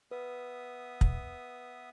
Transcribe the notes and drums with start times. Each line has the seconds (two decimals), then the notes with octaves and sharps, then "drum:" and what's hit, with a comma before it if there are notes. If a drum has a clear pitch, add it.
0.11 B3 B4 E5 D#6
1.01 drum: kick